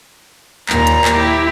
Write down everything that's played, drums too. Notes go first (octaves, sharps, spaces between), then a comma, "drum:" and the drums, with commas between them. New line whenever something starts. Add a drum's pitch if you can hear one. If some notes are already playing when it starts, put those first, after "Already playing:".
D#2 A#2 A#5, drum: clap
drum: hi-hat
drum: clap
E4 G4